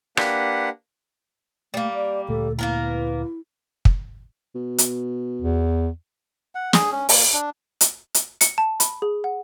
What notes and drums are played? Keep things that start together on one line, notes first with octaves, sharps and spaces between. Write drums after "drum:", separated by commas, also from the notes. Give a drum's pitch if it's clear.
A#3 D4 G4 B4 F#5, drum: rim click
G3 A3 A#3
D5
D2 A#2 A3 A4
A#3 B3 E4 A#4
drum: kick
B2
drum: hi-hat
E2
F#5
G#4, drum: snare
C#4
A#3, drum: open hi-hat
D4
drum: hi-hat
drum: hi-hat
C#7, drum: hi-hat
A5
B5, drum: hi-hat
G#4
F#5